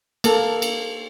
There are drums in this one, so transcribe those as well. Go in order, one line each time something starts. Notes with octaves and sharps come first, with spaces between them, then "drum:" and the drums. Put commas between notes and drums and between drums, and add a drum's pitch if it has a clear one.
A#3 A4, drum: cymbal
drum: cymbal